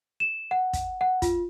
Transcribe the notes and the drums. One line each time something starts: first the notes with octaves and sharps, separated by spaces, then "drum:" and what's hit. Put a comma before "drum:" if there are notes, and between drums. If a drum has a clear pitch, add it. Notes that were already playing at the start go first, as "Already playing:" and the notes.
E7
F#5
drum: kick, hi-hat
F#5
F4, drum: kick, hi-hat